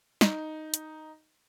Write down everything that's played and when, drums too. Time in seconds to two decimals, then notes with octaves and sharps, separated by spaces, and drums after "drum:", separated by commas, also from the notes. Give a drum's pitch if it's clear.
0.21 D#4, drum: snare
0.74 drum: hi-hat